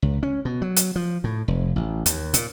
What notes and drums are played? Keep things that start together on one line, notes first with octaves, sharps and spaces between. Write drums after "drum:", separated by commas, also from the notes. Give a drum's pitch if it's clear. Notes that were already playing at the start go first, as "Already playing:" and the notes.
C#2
C#4
B2
F#3
drum: hi-hat
F3
A2
F1
A1
D#2, drum: hi-hat
A#2, drum: hi-hat